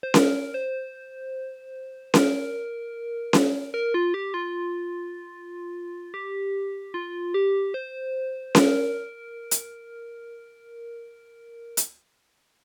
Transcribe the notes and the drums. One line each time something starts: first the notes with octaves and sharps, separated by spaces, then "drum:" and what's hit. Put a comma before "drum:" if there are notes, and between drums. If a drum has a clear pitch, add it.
C5
A#4, drum: snare C#4
C5
A#4, drum: snare C#4
drum: snare C#4
A#4
F4
G4
F4
G4
F4
G4
C5
A#4, drum: snare C#4
drum: hi-hat
drum: hi-hat